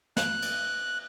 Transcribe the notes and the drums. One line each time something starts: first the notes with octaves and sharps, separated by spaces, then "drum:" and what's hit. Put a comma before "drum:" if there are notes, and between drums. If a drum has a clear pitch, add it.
F#6, drum: snare
drum: cymbal